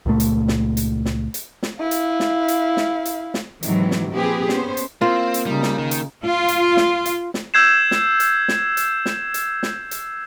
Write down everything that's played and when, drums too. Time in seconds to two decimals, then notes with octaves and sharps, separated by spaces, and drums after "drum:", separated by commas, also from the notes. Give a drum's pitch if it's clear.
0.06 C#2 A#2 A3
0.20 drum: hi-hat
0.48 drum: snare
0.77 drum: hi-hat
1.05 drum: snare
1.34 drum: hi-hat
1.63 drum: snare
1.80 E4 F5
1.91 drum: hi-hat
2.20 drum: snare
2.48 drum: hi-hat
2.77 drum: snare
3.05 drum: hi-hat
3.34 drum: snare
3.63 G#2 C3 D#3 E3 F#3, drum: hi-hat
3.91 drum: snare
4.12 A#2 F3 C4 G4 G#4 B4
4.49 B3 C#4 C5, drum: snare
4.77 drum: hi-hat
5.01 A#3 C4 F4
5.34 drum: hi-hat
5.46 C#3 G3 D#4
5.63 drum: snare
5.78 D#3
5.91 drum: hi-hat
6.25 F4
6.48 drum: hi-hat
6.77 drum: snare
7.06 drum: hi-hat
7.34 drum: snare
7.54 E6 G6 G#6 C7 E7
7.91 drum: snare
8.20 drum: hi-hat
8.48 drum: snare
8.77 drum: hi-hat
9.06 drum: snare
9.34 drum: hi-hat
9.63 drum: snare
9.91 drum: hi-hat